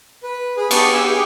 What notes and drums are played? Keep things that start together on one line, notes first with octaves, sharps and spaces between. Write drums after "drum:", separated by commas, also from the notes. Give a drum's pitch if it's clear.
B4
G#4 B4
B3 G4 B4 A5 C#6 D#6, drum: cymbal
B3 G4 G#5 E6
G4 G#4